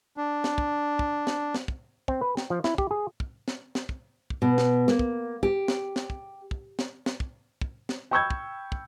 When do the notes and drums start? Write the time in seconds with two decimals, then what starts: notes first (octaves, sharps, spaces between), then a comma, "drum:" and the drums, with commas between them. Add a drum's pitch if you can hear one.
0.17 D4
0.44 drum: snare
0.58 drum: kick
0.99 drum: kick
1.27 drum: snare
1.54 drum: snare
1.68 drum: kick
2.08 C4, drum: kick
2.21 B4
2.37 G5, drum: snare
2.50 F3
2.64 E4, drum: snare
2.78 G4, drum: kick
2.91 G#4
3.20 drum: kick
3.48 drum: snare
3.75 drum: snare
3.89 drum: kick
4.30 drum: kick
4.42 B2
4.58 drum: snare
4.88 A#3, drum: snare
4.99 drum: kick
5.43 G4, drum: kick
5.68 drum: snare
5.96 drum: snare
6.10 drum: kick
6.51 drum: kick
6.79 drum: snare
7.06 drum: snare
7.20 drum: kick
7.61 drum: kick
7.89 drum: snare
8.11 G5 B5 C#6 E6 G6 G#6
8.30 drum: kick
8.72 drum: kick